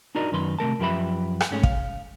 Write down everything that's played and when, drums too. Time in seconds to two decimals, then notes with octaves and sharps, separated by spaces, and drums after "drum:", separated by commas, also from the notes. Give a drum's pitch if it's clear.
0.15 D4 D#4 F#4 A#4 D5 D#5
0.32 F#2 D#3 B4 C6
0.59 C3 A3 A#4 A5
0.79 F#2 F3 G4 B4 E5 B5
1.40 drum: rim click
1.51 G#2 A3 C#4 G#4 C#5
1.63 F5, drum: kick